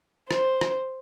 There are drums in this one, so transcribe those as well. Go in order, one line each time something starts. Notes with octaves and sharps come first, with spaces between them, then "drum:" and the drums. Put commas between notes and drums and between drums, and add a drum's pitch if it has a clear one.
C5, drum: rim click
drum: rim click